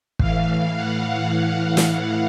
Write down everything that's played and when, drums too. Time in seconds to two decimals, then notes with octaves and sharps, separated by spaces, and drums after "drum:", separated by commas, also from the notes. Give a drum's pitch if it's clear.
0.19 A2 E3 F5, drum: kick
0.76 F#5
1.32 F5
1.77 drum: snare
1.88 F5